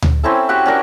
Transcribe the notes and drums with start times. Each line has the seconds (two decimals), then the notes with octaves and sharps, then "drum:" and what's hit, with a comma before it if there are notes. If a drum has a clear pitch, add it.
0.02 drum: tom D2
0.23 C4 C#4 E4 A4
0.49 F#4 G4 F#5
0.66 C#4 D4 A#4